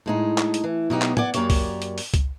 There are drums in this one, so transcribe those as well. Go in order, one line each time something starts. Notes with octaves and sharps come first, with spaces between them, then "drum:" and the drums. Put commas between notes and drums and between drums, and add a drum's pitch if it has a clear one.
A2 G#3 D#4
drum: clap
drum: hi-hat
E3
B2 F#3 D#4 G4
drum: clap
D5 F#5 G#5, drum: tom
F#2 A#3 G4 C#5 D5, drum: hi-hat
drum: kick C#2, open hi-hat
drum: hi-hat
drum: open hi-hat
drum: kick C#2, hi-hat